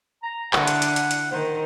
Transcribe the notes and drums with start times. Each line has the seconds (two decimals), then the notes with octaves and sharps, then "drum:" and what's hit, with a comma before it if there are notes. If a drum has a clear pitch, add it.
0.23 A#5
0.53 D3 E4 F#5, drum: clap
0.67 drum: hi-hat
0.82 drum: hi-hat
0.96 drum: hi-hat
1.11 drum: hi-hat
1.32 D#3 C5